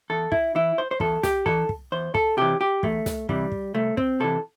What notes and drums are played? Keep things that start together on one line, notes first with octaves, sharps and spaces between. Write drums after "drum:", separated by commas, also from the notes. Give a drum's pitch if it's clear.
E2 A4
E4, drum: kick
E3 E4
C5
C5
E2 A4, drum: kick
G4, drum: snare
E3 A4, drum: kick
drum: kick
E2 C5
A4, drum: kick
C3 E3 G4
G4
E2 A3, drum: kick
drum: snare
C3 E3 G3, drum: kick
drum: kick
C2 A3
C4, drum: kick
C3 E3 A4